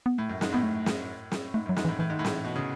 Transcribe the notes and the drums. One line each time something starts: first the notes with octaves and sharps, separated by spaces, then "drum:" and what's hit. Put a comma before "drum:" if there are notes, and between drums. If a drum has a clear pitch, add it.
B3
A2 A3
F#2
G#2, drum: snare
A2 B3
A3
drum: snare
drum: snare
G#2 A3
F#2 F#3
G#2, drum: snare
E3
A2
A2 E3
G#2 D#3
A2
E3, drum: snare
B2
C#3